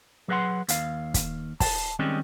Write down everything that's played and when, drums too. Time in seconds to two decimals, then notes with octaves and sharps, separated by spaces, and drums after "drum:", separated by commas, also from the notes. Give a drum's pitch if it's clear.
0.28 F#3 G#4 B4 E5 F#5 C6
0.68 D#2 F5, drum: hi-hat
1.14 drum: kick, hi-hat
1.60 A5, drum: kick, open hi-hat
1.99 D#3 G3 G#3 C4 C#4